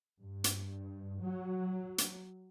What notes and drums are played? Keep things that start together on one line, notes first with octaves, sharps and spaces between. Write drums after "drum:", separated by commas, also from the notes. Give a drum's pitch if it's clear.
G2
drum: hi-hat
F#3
drum: hi-hat